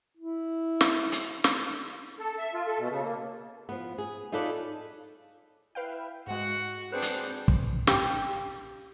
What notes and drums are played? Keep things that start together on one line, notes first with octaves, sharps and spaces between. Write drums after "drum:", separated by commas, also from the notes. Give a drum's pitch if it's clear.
E4
drum: snare
drum: hi-hat
drum: snare
A4
E5
F4
A4
B2
C#3
A#3
F3 B3
G#4
D#4 F4 A4 B4 C#5 D5
E4 B4 F5 G5
G#2 G#3 F#4 F#5
C4 D4 G#4 B4 C5 G5
drum: hi-hat
drum: kick
G4, drum: snare